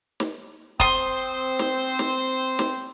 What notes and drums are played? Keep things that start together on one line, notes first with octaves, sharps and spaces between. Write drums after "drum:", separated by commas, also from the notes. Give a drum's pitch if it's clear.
drum: snare
C4 C5 C6 D#6, drum: kick
drum: snare
drum: snare
drum: snare